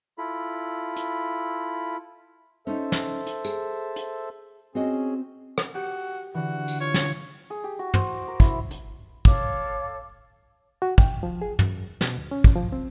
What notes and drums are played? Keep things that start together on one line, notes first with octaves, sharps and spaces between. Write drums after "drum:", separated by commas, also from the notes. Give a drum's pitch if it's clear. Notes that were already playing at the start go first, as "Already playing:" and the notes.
E4 F4 A4 B5
drum: hi-hat
C#4 D#4 A4 C5 E5
drum: snare
drum: hi-hat
G#4, drum: tambourine
drum: hi-hat
C4 C#4 F#4 G#4 D#5
drum: rim click
F#4 G4 C#7
D3 E3 F#4
drum: tambourine
F4 C#5
drum: snare
G#4
G4
F#4
C5, drum: tom
D6
A#4
E4, drum: kick
drum: hi-hat
A4 C#5 F5 D6, drum: kick
F#4
G5, drum: kick
F3
G#4
F#2, drum: tom
B2, drum: snare
D2
C#4
drum: kick
F3
C4